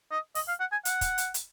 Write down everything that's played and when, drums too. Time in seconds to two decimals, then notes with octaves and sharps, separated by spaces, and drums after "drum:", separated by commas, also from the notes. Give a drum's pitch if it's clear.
0.11 D#5
0.35 D#5, drum: open hi-hat
0.48 F5
0.60 F#5
0.72 G#5
0.85 F#5, drum: hi-hat
1.01 drum: kick, hi-hat
1.18 drum: hi-hat
1.34 drum: hi-hat